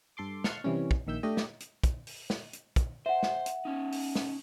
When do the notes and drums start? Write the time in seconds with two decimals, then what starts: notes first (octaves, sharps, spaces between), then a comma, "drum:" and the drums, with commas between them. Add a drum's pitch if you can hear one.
0.17 G2 A4 C6 D6
0.44 F5 F#5 A5 C6 C#6 F6, drum: snare
0.64 C3 E3 G3 C#4
0.91 drum: kick
1.07 A#1 D#3 E5 E6 G6
1.23 A3 D4 G4 D#5
1.37 drum: snare
1.60 drum: hi-hat
1.84 drum: kick, hi-hat
2.07 drum: open hi-hat
2.30 drum: snare
2.53 drum: hi-hat
2.76 drum: kick, hi-hat
3.06 C5 E5 F#5
3.23 drum: snare
3.46 drum: hi-hat
3.65 C#4 D#4
3.92 drum: open hi-hat
4.15 drum: snare